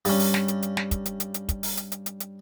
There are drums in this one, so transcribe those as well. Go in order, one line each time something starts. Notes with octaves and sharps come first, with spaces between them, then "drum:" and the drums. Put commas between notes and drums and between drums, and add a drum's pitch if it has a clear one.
G2 C#4, drum: open hi-hat
drum: open hi-hat
drum: snare
drum: hi-hat
drum: hi-hat
drum: snare
drum: kick, hi-hat
drum: hi-hat
drum: hi-hat
drum: hi-hat
drum: kick, hi-hat
drum: open hi-hat
drum: hi-hat
drum: hi-hat
drum: hi-hat
drum: hi-hat